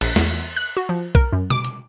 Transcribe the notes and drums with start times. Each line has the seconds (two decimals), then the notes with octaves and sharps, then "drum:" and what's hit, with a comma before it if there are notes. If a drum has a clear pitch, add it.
0.01 A#1, drum: cymbal
0.16 E2, drum: snare
0.56 F#6
0.77 F#4
0.89 F3
1.15 A#4, drum: kick B1
1.33 F#2
1.50 D6, drum: tom B2
1.65 drum: hi-hat